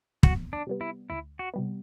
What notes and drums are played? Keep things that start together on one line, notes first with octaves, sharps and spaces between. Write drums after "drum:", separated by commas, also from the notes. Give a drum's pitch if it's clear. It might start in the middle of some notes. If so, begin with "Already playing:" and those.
D2 F#4, drum: kick
D4
C3 G3 B3
E4
D2 E4
F#4
C3 G3 B3